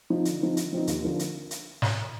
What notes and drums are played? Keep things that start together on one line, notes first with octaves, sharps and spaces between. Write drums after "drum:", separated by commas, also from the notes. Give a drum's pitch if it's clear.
F3 C4 D#4
D3, drum: hi-hat
F3 C4 D#4
D3, drum: hi-hat
F3 C4 D#4
D#2, drum: hi-hat
D3 F3 A#3
drum: hi-hat
drum: hi-hat
drum: snare